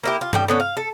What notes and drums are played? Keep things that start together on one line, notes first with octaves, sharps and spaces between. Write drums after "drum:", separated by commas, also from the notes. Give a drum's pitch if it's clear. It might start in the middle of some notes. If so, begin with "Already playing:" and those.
A#3 E4 G4
F4
A2 G3 G5, drum: tom G2
D3 B3 C#4
F5
A4